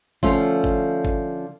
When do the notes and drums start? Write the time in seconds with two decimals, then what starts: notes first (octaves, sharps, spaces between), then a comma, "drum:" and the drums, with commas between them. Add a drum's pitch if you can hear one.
0.23 D3 F3 A3 C#4 F4, drum: kick G1
0.64 drum: kick G1
1.05 drum: kick G1